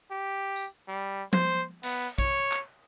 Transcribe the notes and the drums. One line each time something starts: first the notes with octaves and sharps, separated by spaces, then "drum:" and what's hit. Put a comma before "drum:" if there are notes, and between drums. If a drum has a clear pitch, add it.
G4
drum: tambourine
G3
C5, drum: tom F3
B3, drum: cymbal
C#5, drum: kick A#1
drum: clap